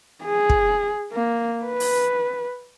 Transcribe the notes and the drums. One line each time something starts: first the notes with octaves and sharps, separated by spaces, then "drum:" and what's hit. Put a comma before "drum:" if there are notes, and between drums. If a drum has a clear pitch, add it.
G#4
drum: kick
A#3
B4
drum: open hi-hat